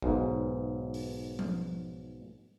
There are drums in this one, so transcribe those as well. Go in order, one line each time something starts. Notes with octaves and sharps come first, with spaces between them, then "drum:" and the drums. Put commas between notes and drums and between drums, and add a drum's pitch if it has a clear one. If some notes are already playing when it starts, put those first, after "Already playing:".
B1 G#2, drum: kick
drum: open hi-hat
drum: tom F3